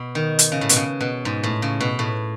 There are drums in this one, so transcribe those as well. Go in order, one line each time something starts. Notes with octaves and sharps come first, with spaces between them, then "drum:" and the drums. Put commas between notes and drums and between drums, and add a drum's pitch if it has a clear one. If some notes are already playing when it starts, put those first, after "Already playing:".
Already playing: B2
D#3
drum: hi-hat
C#3
A2
B2, drum: hi-hat
C#3
B2
G#2
A2
C#3
B2
A2